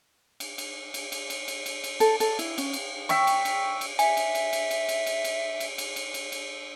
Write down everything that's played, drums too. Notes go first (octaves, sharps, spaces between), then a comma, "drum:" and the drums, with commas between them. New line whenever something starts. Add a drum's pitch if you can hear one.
drum: cymbal
drum: cymbal
drum: cymbal
drum: cymbal
drum: cymbal
drum: cymbal
drum: cymbal
drum: cymbal
A4, drum: cymbal
A4, drum: cymbal
E4, drum: cymbal
C#4, drum: cymbal
drum: cymbal
E5 G5 C#6, drum: cymbal
drum: cymbal
drum: cymbal
drum: cymbal
E5 G#5, drum: cymbal
drum: cymbal
drum: cymbal
drum: cymbal
drum: cymbal
drum: cymbal
drum: cymbal
drum: cymbal
drum: cymbal
drum: cymbal
drum: cymbal
drum: cymbal
drum: cymbal